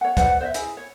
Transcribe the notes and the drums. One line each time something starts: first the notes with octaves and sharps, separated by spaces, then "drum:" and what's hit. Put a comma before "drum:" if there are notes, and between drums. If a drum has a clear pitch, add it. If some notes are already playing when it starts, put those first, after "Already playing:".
C#5 F#5
B4 C5 D5 F#5, drum: kick C#2, hi-hat
C5 D#5 E5
E4 G#4, drum: hi-hat
C#5